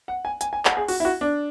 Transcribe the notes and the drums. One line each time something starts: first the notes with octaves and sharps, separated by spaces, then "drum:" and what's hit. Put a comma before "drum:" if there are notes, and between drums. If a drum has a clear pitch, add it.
F#5
G#5
G#5, drum: hi-hat
G#5
F#5, drum: clap
G#4
F#4, drum: open hi-hat
E4
F#4
D4